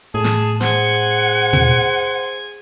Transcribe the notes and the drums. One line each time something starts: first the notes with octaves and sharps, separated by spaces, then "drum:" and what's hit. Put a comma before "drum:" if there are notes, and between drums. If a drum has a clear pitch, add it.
A2 G#4 A5
drum: snare
G#4 C5 F#5 G#5, drum: snare
drum: tom A#2